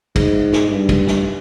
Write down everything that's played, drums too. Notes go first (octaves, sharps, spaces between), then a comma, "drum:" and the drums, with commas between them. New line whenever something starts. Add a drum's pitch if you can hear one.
G#2, drum: kick, cymbal
drum: snare
G2
drum: kick, cymbal
drum: snare